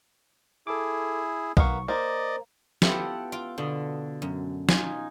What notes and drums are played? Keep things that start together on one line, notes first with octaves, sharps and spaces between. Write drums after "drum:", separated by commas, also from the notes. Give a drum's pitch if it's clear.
E4 G#4 A4 D6
B1 A#3 B3 F5 C#6, drum: kick B1
A#3 C5 D5 D#5
B3 E4 F4 G4 A4 F#5, drum: snare
F4 D6
B2 D3
F#2
D#4 F4 G#5, drum: snare